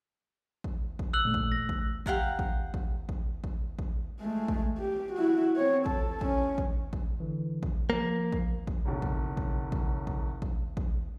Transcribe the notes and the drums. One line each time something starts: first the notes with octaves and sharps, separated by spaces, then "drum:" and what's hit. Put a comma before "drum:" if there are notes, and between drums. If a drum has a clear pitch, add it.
drum: kick A1
drum: kick A1
E6 F#6 F#7
A#2 A3
drum: kick A1
A#6
drum: kick A1
G4 F5 F#5 A#5, drum: kick A1
drum: kick A1
drum: kick A1
drum: kick A1
drum: kick A1
drum: kick A1
G#3 A3
drum: kick A1
G4
E4 F#4
C4 C#5
A4, drum: kick A1
C#4, drum: kick A1
drum: kick A1
drum: kick A1
D3 E3
drum: kick A1
F3 A#3
drum: kick A1
drum: kick A1
F#1 B1
drum: kick A1
drum: kick A1
drum: kick A1
drum: kick A1
drum: kick A1
drum: kick A1